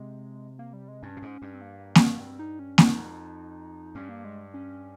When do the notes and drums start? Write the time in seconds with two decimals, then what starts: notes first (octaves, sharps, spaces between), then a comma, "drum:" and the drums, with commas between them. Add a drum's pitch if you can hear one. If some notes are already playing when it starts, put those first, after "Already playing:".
Already playing: C3 G#3
0.59 A#3
0.73 G3
0.88 G#3
1.02 G2 C#4
1.17 A#2
1.22 G#2
1.42 G2
1.54 C4
1.62 A#3
1.95 drum: snare A#3
2.20 C4
2.39 D#4
2.59 C#4
2.78 F2 D#4, drum: snare A#3
3.95 G2 C#4
4.09 A#3
4.25 G#3
4.54 C#4